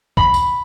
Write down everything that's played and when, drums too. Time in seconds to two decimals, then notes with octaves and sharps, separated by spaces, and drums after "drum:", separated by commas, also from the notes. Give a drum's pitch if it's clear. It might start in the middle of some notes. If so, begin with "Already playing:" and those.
0.17 B5, drum: kick C2
0.34 drum: tambourine